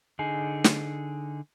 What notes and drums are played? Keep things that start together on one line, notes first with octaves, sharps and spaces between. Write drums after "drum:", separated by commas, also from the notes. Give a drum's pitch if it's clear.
D3 D#4 G#4
drum: snare